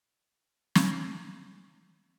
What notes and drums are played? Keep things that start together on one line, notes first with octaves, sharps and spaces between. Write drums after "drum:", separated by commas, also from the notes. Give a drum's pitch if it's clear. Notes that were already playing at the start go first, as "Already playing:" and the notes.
B2 F4 F5 C#6 D#6
drum: snare